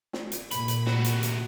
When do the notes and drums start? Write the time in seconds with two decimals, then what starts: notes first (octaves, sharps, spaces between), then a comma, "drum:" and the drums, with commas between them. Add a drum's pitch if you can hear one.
0.13 drum: snare
0.32 drum: hi-hat
0.51 A#2 B5, drum: hi-hat
0.68 drum: hi-hat
0.86 C3 F#4, drum: snare
1.04 drum: hi-hat
1.23 drum: hi-hat